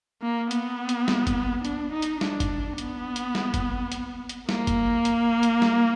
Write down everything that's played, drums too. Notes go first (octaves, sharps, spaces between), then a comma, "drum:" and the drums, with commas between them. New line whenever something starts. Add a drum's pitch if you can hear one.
A#3
B3, drum: hi-hat
drum: hi-hat
drum: snare
drum: kick F#1, hi-hat
D4, drum: hi-hat
D#4
drum: hi-hat
D4, drum: snare
drum: kick F#1, hi-hat
B3, drum: hi-hat
drum: hi-hat
drum: snare
drum: kick F#1, hi-hat
drum: hi-hat
drum: hi-hat
A#3, drum: snare
drum: kick F#1, hi-hat
drum: hi-hat
drum: hi-hat
drum: snare